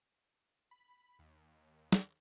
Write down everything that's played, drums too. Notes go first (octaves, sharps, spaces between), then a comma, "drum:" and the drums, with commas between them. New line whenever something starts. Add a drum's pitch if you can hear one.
B5
D#2
drum: snare